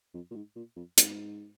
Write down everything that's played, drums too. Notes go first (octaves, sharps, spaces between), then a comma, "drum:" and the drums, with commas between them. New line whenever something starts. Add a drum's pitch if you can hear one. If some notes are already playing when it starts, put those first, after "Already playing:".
F2
A#2
G#2
A#2
F2
G#2, drum: hi-hat